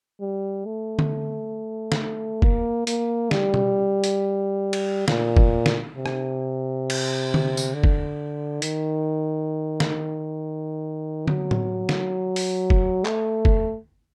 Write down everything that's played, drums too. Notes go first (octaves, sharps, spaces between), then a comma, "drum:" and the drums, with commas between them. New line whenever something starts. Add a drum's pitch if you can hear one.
G3
A3
drum: tom D3
drum: snare
A#3, drum: kick
A#3, drum: hi-hat
G3, drum: snare
drum: tom B2
drum: hi-hat
drum: cymbal
A#2, drum: snare
drum: kick
drum: snare
C3
drum: rim click
drum: cymbal
drum: tom D3
drum: tambourine
D3
drum: kick
D#3, drum: hi-hat
drum: snare
F#3, drum: tom D3
drum: tom
drum: snare
drum: open hi-hat
drum: kick
A3, drum: clap
drum: kick